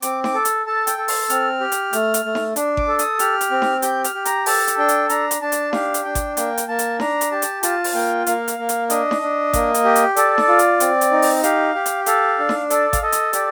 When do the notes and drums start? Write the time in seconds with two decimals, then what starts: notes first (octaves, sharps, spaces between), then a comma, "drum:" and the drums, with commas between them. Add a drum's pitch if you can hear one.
0.02 C4 D6, drum: hi-hat
0.24 D6, drum: snare D#4
0.34 A4
0.45 drum: hi-hat
0.66 A4 A5
0.87 G5, drum: hi-hat
0.98 A4
1.08 C6, drum: open hi-hat
1.30 C4 F6, drum: hi-hat
1.61 G4
1.72 drum: hi-hat
1.93 A3, drum: hi-hat
2.14 drum: hi-hat
2.25 A3
2.35 drum: snare D#4
2.56 D4, drum: hi-hat
2.77 D6, drum: kick G#1
2.88 A4
2.99 D#6, drum: hi-hat
3.19 G4 F6, drum: hi-hat
3.41 drum: hi-hat
3.51 C4
3.62 drum: snare D#4
3.82 G4 G6, drum: hi-hat
4.04 F6, drum: hi-hat
4.15 G4
4.25 A#5, drum: hi-hat
4.46 A4 A5, drum: open hi-hat
4.67 drum: hi-hat
4.78 D4 G5
4.89 drum: hi-hat
5.09 D4 A#5, drum: hi-hat
5.31 drum: hi-hat
5.41 D4 A5
5.52 drum: hi-hat
5.73 G4 F5, drum: snare D#4
5.94 drum: hi-hat
6.05 D4 G5
6.15 drum: kick G#1, hi-hat
6.37 A#3 G5, drum: hi-hat
6.57 drum: hi-hat
6.68 A#3 A5
6.79 drum: hi-hat
7.00 D4 A#5, drum: snare D#4
7.21 drum: hi-hat
7.31 G4 A5
7.42 drum: hi-hat
7.63 F4 A5, drum: hi-hat
7.84 drum: open hi-hat
7.94 A#3 G5
8.27 A#3 F5, drum: hi-hat
8.48 drum: hi-hat
8.58 A#3
8.69 drum: hi-hat
8.90 D4 D#5, drum: hi-hat
9.11 drum: snare D#4
9.22 D4
9.53 A#3, drum: kick G#1, hi-hat
9.74 drum: hi-hat
9.85 G4
9.95 drum: hi-hat
10.16 A4 D5, drum: hi-hat
10.38 drum: snare D#4
10.48 F4
10.59 drum: hi-hat
10.80 C4, drum: hi-hat
11.01 drum: hi-hat
11.12 D#4
11.22 drum: open hi-hat
11.43 G4 F5, drum: hi-hat
11.75 G4
11.86 drum: hi-hat
12.06 A4 F5, drum: hi-hat
12.39 D4
12.49 drum: snare D#4
12.70 A4 D5, drum: hi-hat
12.93 F5, drum: kick G#1, hi-hat
13.02 A4 D#5
13.12 drum: hi-hat
13.33 G4 D5, drum: hi-hat